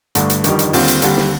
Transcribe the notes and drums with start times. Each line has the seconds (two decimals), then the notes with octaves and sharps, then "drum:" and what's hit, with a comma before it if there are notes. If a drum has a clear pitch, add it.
0.15 G1 G2 D3 A3, drum: hi-hat
0.30 drum: hi-hat
0.44 G1 F2 D#3 G3, drum: hi-hat
0.59 drum: hi-hat
0.73 D#2 D3 G3 C4 F4, drum: open hi-hat
0.88 drum: hi-hat
1.02 D#2 D3 G3 C4, drum: hi-hat
1.17 drum: snare